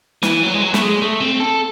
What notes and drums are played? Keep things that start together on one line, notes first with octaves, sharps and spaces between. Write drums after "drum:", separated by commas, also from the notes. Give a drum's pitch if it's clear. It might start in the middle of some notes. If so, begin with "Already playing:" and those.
E3, drum: snare
F#3
G#3
F#3
A3, drum: snare
G#3
A3
C4
A4